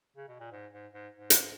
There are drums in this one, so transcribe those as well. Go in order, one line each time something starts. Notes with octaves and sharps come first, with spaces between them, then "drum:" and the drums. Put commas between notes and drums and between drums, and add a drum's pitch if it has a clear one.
C#3
B2
A#2
G#2
G#2
G#2
G#2
drum: hi-hat